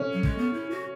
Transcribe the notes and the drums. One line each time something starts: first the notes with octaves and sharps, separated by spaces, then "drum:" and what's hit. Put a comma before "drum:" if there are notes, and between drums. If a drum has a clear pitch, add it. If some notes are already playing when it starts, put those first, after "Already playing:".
Already playing: C#4 C#5
F#3
G#3, drum: kick
B3
E4
F#4